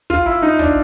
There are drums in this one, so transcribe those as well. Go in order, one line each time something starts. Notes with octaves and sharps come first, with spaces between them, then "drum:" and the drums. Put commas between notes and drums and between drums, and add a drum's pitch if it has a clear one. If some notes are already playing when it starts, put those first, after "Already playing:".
F4, drum: kick, open hi-hat
E4
D#4, drum: hi-hat
D4, drum: kick